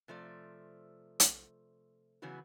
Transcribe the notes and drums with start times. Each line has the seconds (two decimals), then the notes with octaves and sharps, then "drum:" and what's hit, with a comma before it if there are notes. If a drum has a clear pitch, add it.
0.08 C3 F3 A3 D5
1.20 drum: hi-hat
2.22 C#3 E3 F#3 B3 F#4